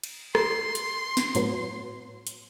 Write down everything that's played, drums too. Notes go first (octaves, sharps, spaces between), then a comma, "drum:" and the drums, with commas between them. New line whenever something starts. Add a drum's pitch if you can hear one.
drum: cymbal
C6, drum: rim click
drum: hi-hat
drum: snare
A2 F#3 B3, drum: hi-hat
drum: hi-hat